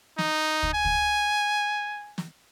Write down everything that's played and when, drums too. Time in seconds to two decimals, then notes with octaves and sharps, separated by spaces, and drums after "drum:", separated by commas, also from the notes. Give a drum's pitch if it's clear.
0.18 D#4, drum: snare
0.63 drum: kick
0.74 G#5
0.85 drum: kick
2.18 drum: snare